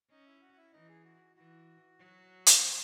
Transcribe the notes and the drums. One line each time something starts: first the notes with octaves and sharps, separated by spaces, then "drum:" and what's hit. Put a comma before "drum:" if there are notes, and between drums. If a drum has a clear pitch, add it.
C#4 D#4 D#5
E4 E5
F#4 F#5
F#5
E4 E5
E3 D#4 D#5
G#4
F#4
E3 F#4
F#3
drum: hi-hat
C4 C5